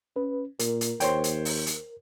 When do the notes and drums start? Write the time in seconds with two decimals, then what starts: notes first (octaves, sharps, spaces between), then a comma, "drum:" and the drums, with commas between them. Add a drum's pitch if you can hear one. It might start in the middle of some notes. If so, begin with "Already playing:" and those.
0.16 C#4 B4
0.59 A#2 A#4, drum: hi-hat
0.81 drum: hi-hat
1.00 D#2 C5 C#5 G5, drum: hi-hat
1.24 drum: hi-hat
1.45 drum: open hi-hat
1.67 drum: hi-hat